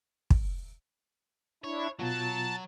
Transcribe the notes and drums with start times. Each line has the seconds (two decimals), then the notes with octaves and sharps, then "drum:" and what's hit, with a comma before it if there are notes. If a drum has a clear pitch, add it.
0.30 drum: kick
1.64 D4 E4 C#5
1.99 B2 F#3 B3 F4 A5